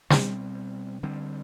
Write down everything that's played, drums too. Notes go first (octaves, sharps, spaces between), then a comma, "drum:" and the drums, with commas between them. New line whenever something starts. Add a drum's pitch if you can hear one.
B2 G3 C4, drum: snare
D3 G3 C4